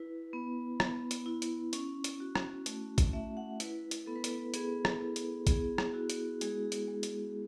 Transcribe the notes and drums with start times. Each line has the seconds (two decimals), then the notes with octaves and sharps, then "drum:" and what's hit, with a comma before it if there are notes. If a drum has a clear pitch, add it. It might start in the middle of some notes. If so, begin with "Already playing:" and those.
Already playing: E4 B4
0.33 B3
0.80 B3, drum: rim click
1.11 drum: hi-hat
1.26 E4
1.42 drum: hi-hat
1.73 C#4, drum: hi-hat
2.04 drum: hi-hat
2.20 F#4
2.35 drum: rim click
2.66 A3, drum: hi-hat
2.98 drum: kick, hi-hat
3.13 A3 E5
3.37 F#5
3.60 E4 B4, drum: hi-hat
3.91 drum: hi-hat
4.06 B3 A4
4.16 B4
4.24 A4, drum: hi-hat
4.54 B3 G#4, drum: hi-hat
4.85 drum: rim click
5.01 E4
5.16 drum: hi-hat
5.47 B3 G#4, drum: kick, hi-hat
5.78 drum: rim click
5.93 E4 F#4
6.10 drum: hi-hat
6.41 G#3 G#4, drum: hi-hat
6.72 drum: hi-hat
6.88 G#3
7.03 drum: hi-hat